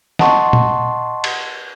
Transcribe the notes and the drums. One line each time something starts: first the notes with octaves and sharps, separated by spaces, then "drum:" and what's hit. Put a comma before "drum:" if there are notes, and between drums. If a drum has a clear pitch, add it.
D#5 F#5 A5 C6 C#6, drum: snare
drum: tom A#2
drum: cymbal